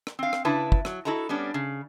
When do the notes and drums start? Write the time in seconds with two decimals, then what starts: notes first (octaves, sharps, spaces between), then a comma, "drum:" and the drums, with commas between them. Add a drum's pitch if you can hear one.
0.07 drum: rim click
0.19 C4 F5
0.33 drum: rim click
0.45 C#3 D4 E4 B4 A5
0.72 drum: kick
0.85 F#3, drum: rim click
1.05 E4 F#4 A4 D#5 A#5
1.29 G3 B3 C#4 D4
1.54 C#3